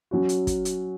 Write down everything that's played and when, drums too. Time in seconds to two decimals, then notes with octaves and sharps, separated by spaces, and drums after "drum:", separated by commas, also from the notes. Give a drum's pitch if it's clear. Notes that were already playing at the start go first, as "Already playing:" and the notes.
0.11 F#3 C#4 F#4
0.29 drum: hi-hat
0.47 drum: kick, hi-hat
0.65 drum: hi-hat